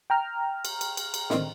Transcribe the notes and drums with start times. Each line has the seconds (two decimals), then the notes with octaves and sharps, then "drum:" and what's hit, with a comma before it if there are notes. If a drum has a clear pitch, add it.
0.10 G5 A#5 F6
0.65 drum: cymbal
0.81 drum: cymbal
0.97 drum: cymbal
1.14 drum: cymbal
1.30 D3 D#3 C4, drum: snare